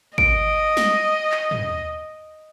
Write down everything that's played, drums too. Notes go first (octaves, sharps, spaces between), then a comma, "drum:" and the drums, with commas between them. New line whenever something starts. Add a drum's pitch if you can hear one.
D#5 D7, drum: kick
drum: snare
drum: clap
drum: tom